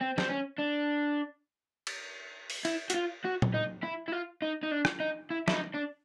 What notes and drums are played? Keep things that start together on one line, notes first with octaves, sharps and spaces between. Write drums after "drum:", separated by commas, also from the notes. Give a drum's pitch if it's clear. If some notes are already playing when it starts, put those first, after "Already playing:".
C4
C4, drum: snare
C#4
D4
drum: cymbal
drum: open hi-hat
E4, drum: cymbal
F#4, drum: hi-hat
F4
F#4
drum: tom A#2
D#4
E4
E4
F4
D#4
D#4
D4
drum: rim click
D#4
E4
E4, drum: snare
D#4
D4